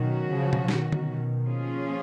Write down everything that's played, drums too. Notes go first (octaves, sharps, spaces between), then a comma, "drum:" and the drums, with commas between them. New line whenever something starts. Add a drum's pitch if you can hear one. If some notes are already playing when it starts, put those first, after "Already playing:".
Already playing: B2 D#3 F#3 C#4 F#4
C#3 F3
drum: tom B2
B2 D#3, drum: snare
drum: tom D3
F3 A#3 C#4 F4 G#4